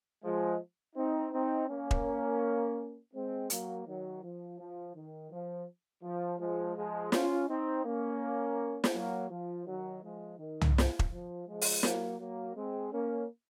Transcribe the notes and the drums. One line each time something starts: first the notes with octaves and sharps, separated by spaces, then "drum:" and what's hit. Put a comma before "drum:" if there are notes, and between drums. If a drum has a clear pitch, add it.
F3 G#3
C4 D#4
C4 D#4
A#3 C#4
drum: kick E1
G#3 C4
F#3 A#3, drum: hi-hat
D#3 F#3
F3
F3
D#3
F3
F3
F3 G#3
F3 G#3
C#4 F4, drum: snare
C4 D#4
A#3 C#4
drum: snare
F#3 A#3
F3
D#3 F#3
F3 G#3
D#3
drum: tom
drum: snare
drum: kick E1
F3
F3 G#3
drum: open hi-hat
F#3 A#3, drum: snare
F#3 A#3
G#3 C4
A#3 C#4